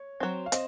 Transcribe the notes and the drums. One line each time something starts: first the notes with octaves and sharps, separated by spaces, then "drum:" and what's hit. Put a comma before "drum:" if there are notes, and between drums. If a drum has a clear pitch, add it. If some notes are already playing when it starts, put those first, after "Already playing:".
Already playing: C#5
F#3 C4
F5
C4 D#5, drum: hi-hat